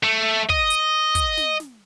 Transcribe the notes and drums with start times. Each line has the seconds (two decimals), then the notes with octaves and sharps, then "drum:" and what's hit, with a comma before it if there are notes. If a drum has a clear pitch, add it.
0.03 A3
0.49 D#5, drum: kick
0.70 drum: hi-hat
1.15 drum: kick, hi-hat
1.37 drum: snare
1.60 drum: snare